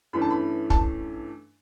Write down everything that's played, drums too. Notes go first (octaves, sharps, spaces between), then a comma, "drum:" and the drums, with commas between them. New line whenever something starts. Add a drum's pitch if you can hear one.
G2 E3 A3 C#4 B5
A5
B5
A5, drum: kick